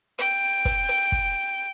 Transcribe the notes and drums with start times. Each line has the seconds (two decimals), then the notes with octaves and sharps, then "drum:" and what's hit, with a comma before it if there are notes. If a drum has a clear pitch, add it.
0.19 G5, drum: hi-hat
0.65 drum: kick, hi-hat
0.89 drum: hi-hat
1.12 drum: kick